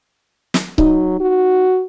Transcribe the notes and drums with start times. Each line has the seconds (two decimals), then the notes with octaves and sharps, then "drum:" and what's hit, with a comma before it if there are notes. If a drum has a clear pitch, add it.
0.54 drum: snare
0.78 F#3 D#4, drum: kick C#1
1.20 F#4